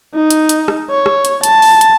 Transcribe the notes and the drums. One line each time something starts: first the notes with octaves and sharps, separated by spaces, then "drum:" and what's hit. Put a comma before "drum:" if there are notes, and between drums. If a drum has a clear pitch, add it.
D#4
drum: hi-hat
drum: hi-hat
drum: rim click
C#5
drum: rim click
drum: hi-hat
A5, drum: hi-hat
drum: open hi-hat
drum: hi-hat